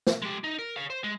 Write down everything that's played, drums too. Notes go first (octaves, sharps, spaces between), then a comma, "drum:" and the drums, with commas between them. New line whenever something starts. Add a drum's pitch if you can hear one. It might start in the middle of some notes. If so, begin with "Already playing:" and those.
drum: snare
G#3 G4
D#4
A#4
C#5 F5
C5
G#3